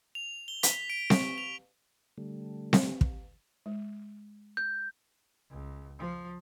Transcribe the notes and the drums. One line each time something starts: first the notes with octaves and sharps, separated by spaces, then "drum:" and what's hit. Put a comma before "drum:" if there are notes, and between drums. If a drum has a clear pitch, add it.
F7
G7
B6, drum: hi-hat
D7
C#6, drum: snare C4
F7
D3 G3 A3
drum: snare C4
drum: kick
G#3
G6
C#2
F3